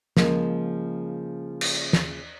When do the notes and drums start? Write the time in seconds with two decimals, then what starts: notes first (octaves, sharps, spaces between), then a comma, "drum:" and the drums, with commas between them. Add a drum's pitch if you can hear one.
0.17 C#3 F3 G#3 A#3, drum: snare
1.61 drum: cymbal
1.93 drum: snare